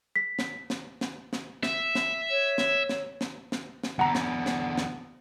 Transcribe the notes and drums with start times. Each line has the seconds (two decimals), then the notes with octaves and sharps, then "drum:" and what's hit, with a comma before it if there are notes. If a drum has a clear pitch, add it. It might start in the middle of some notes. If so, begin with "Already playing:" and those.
0.16 B6
0.39 drum: snare
0.70 drum: snare
1.01 drum: snare
1.33 drum: snare
1.63 E5, drum: snare
1.95 drum: snare
2.30 C#5
2.58 drum: snare
2.89 drum: snare
3.21 drum: snare
3.52 drum: snare
3.83 drum: snare
3.99 E2 D3 B3 F#5 A#5
4.15 drum: snare
4.46 drum: snare
4.78 drum: snare